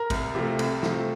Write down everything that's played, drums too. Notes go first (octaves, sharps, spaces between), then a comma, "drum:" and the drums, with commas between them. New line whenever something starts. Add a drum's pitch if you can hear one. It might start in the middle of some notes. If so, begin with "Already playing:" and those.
Already playing: A#4
C2, drum: kick, cymbal
C3 F3 A3
C2, drum: cymbal
C3 F3 A3, drum: snare